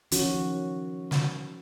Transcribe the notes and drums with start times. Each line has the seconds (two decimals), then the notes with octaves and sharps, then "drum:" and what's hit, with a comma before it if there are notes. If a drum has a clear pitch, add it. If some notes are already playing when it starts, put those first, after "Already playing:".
0.11 D#3 F3 C#4 F#4, drum: hi-hat
1.11 drum: snare